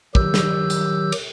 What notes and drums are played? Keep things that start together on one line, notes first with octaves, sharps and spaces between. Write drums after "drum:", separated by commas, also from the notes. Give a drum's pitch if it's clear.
D#3 F#3 G4 E6 G6, drum: kick
drum: snare
drum: hi-hat
drum: cymbal